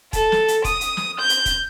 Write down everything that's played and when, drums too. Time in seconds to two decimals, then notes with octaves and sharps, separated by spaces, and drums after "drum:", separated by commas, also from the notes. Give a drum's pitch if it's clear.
0.13 A4, drum: kick, hi-hat
0.32 drum: snare
0.48 drum: hi-hat
0.64 D#6, drum: kick, hi-hat
0.81 drum: hi-hat
0.97 drum: snare
1.19 G6
1.29 drum: hi-hat
1.46 drum: kick, hi-hat